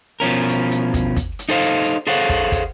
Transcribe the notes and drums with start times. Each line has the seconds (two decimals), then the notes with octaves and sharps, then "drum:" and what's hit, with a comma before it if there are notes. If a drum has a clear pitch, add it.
0.20 B2 F3 C#4 A#4
0.49 drum: hi-hat
0.71 drum: hi-hat
0.94 drum: kick, hi-hat
1.16 drum: kick, hi-hat
1.39 drum: hi-hat
1.49 D#4 A4 C5 F5
1.62 drum: hi-hat
1.84 drum: hi-hat
2.07 G#4 A4 C5 C#5 F5 F#5
2.29 drum: kick, hi-hat
2.52 drum: kick, hi-hat